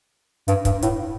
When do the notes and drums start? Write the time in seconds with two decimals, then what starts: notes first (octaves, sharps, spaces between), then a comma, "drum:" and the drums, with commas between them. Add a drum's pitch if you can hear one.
0.48 G2, drum: hi-hat
0.65 G2, drum: kick, hi-hat
0.82 A2, drum: hi-hat